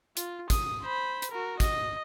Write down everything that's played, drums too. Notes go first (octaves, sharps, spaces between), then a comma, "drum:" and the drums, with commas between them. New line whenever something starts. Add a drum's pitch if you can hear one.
F4, drum: hi-hat
D#6, drum: kick, hi-hat
C5 B5
drum: hi-hat
F#4 A#4
D#5, drum: kick, hi-hat